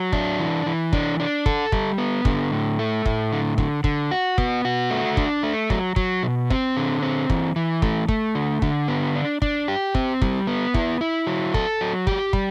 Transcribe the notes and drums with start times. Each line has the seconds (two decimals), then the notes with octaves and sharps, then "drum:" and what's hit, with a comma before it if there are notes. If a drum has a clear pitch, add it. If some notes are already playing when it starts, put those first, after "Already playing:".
Already playing: F#3
0.13 D4, drum: kick
0.39 E3
0.66 E3
0.93 D4, drum: kick
1.20 D4
1.46 A4, drum: kick
1.72 G3, drum: kick
1.98 B3
2.25 D3, drum: kick
2.52 A2
2.79 A3
3.06 A2, drum: kick
3.32 D3
3.58 D3, drum: kick
3.84 D3, drum: kick
4.11 F#4
4.38 B3, drum: kick
4.65 F#4
4.90 A3
5.17 D4, drum: kick
5.43 A3
5.70 F#3, drum: kick
5.96 F#3, drum: kick
6.23 B2
6.50 C4, drum: kick
6.77 D3
7.02 C4
7.30 E3, drum: kick
7.56 E3
7.82 A3, drum: kick
8.08 A3, drum: kick
8.35 D3
8.62 D3, drum: kick
8.88 B3
9.15 D4
9.42 D4, drum: kick
9.68 G4
9.95 C4, drum: kick
10.22 G3, drum: kick
10.47 B3
10.74 E4, drum: kick
11.01 E4
11.27 F#3
11.54 A4, drum: kick
11.81 F#3
12.07 G4, drum: kick
12.33 G3, drum: kick